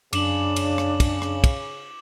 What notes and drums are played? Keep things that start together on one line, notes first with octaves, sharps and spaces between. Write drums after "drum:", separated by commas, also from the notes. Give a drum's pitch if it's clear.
F#2 C#3 D4 D6 E7 F#7, drum: cymbal
drum: cymbal
drum: rim click
drum: kick, cymbal
drum: rim click
drum: kick, cymbal